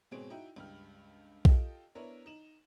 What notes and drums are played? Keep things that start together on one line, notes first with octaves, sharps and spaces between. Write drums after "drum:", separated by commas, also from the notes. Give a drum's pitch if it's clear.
G#2 B2 C4 G#4 C#5 D7
D#4 E4 F#4 G5
C#2 G2 G4 F6
F4 G4 A4 D#5 G5, drum: kick B1
B3 D4 E4 A#4 B4 C#5
D#4 E7 F#7